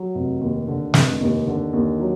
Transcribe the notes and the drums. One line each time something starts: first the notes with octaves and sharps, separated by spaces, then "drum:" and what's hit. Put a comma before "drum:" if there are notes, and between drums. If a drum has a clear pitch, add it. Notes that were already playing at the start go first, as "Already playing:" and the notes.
Already playing: F#3
F1
D#2
D3
F1, drum: snare
D#2
D3
D#2
F#3